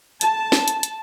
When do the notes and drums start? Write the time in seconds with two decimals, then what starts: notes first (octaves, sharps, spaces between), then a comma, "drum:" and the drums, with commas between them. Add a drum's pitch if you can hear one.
0.21 A5, drum: hi-hat
0.52 drum: snare
0.68 drum: hi-hat
0.83 drum: hi-hat